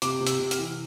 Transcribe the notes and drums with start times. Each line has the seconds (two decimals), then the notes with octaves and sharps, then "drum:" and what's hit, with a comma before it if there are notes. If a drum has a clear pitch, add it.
0.02 C3 D6, drum: hi-hat
0.20 C3
0.27 E6, drum: hi-hat
0.39 C3
0.51 F6, drum: hi-hat
0.58 E3